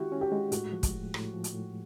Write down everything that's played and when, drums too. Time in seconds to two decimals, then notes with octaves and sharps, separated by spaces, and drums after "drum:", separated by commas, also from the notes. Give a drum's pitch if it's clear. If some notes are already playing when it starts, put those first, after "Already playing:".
Already playing: D#3 G#3 C#4 E4 F#4 G4
0.12 C#4
0.21 G4
0.32 G#3
0.52 A2 F#4, drum: hi-hat
0.73 F3
0.83 drum: kick, hi-hat
0.93 A2
1.14 A2, drum: rim click
1.33 F3
1.44 drum: hi-hat
1.54 A2